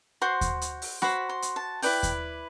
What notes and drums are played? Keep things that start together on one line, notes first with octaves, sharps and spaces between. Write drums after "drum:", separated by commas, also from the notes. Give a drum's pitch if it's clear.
F#4 C5 C6
drum: kick D#2, hi-hat
drum: hi-hat
drum: open hi-hat
F#4 C5 B5, drum: snare
C6
drum: hi-hat
A5
E4 B4 D5 G5, drum: open hi-hat
drum: kick D#2, hi-hat